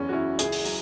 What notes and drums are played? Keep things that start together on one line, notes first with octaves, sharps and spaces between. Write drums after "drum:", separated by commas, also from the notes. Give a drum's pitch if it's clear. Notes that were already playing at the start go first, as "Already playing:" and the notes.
Already playing: F#1 E2 C#4
F#4
E2 C#4 E4
C#2 E4 G#4, drum: hi-hat
drum: open hi-hat
F#3, drum: open hi-hat